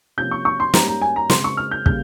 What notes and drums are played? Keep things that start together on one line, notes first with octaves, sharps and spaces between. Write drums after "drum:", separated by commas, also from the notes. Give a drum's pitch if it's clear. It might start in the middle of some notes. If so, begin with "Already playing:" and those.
C3 F3 A#3 C#4 G6
C#6
C#6
C6
G#2 G3 A#3 C#4 A#5, drum: snare
A#5
G#5
A#5
C#3 G#3 C4 C6, drum: snare
C#6
F6
G6
C#3 G3 A#3 G6, drum: kick